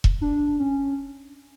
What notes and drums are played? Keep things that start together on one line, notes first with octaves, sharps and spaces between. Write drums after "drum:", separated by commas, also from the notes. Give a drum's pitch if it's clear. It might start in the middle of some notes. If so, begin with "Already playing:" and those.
drum: kick E1
D4
C#4